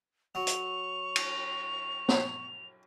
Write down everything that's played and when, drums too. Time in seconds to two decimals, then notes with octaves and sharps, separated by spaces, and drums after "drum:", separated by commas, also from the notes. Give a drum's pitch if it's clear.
0.35 F#3 C#6 F7
0.47 drum: hi-hat
1.16 drum: cymbal
2.08 drum: snare C#5